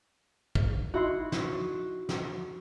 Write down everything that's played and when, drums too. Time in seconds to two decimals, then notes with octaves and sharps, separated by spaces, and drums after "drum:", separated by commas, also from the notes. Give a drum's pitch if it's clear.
0.55 drum: kick
0.94 D#4 E4 F#4 C6
1.32 drum: snare
2.09 drum: snare